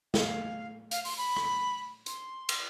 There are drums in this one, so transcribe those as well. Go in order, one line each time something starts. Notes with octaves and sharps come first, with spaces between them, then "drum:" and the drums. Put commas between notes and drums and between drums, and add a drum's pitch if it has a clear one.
F5, drum: snare
F5, drum: hi-hat
C6, drum: open hi-hat
B5
drum: rim click
C6, drum: hi-hat
drum: cymbal